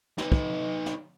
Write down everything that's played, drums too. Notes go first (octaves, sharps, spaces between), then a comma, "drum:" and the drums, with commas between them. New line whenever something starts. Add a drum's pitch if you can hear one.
D#4 B4, drum: snare
drum: kick
drum: snare